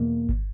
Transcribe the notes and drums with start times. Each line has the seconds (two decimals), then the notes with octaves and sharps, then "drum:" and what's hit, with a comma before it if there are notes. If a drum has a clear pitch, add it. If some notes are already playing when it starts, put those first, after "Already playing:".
Already playing: E2 B2 A#3
0.29 drum: kick G1